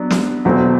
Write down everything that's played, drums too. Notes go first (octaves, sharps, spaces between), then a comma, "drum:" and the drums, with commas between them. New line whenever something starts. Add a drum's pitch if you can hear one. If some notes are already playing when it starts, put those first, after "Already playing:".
Already playing: F#3 B3 D4
drum: snare
E2 B2 F#3 A3 C4